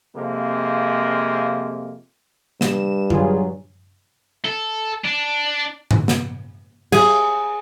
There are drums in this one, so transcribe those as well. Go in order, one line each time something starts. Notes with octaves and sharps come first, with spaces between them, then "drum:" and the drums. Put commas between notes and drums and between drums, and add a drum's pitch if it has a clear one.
F2 C3 G#3 A#3
G2 E7, drum: snare
F#3 F4 G#4, drum: tom F#2
A4
D4
drum: tom G2
drum: snare
G#4, drum: cymbal